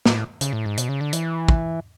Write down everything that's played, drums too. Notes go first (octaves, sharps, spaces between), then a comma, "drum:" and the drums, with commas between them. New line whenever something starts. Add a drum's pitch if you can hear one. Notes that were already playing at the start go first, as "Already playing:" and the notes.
A2, drum: snare
C#3, drum: hi-hat
A2
G#2
B2, drum: hi-hat
C#3
D3
E3, drum: hi-hat
drum: kick